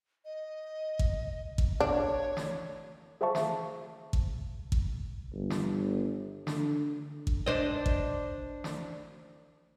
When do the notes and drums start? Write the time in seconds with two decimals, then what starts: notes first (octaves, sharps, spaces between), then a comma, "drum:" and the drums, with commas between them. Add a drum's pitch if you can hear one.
0.25 D#5
0.99 drum: kick A1
1.58 drum: kick A1
1.80 D4 C#5
2.37 drum: snare
3.21 G#4 C5 E5 F5 A5 C#6
3.35 drum: snare
4.13 drum: kick A1
4.72 drum: kick A1
5.33 G1
5.50 drum: snare
6.47 D3, drum: snare
7.27 drum: kick A1
7.46 D4 C5 D#5
7.86 drum: kick A1
8.64 drum: snare